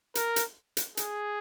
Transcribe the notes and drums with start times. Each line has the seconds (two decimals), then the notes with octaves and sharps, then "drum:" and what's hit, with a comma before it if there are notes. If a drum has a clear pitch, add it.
0.15 A#4, drum: hi-hat
0.36 drum: hi-hat
0.77 drum: hi-hat
0.97 G#4, drum: hi-hat